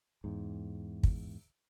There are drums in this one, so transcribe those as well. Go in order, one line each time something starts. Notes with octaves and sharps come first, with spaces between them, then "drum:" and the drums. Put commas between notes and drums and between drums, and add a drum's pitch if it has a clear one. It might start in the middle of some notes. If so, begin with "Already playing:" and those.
E2 G#2
drum: kick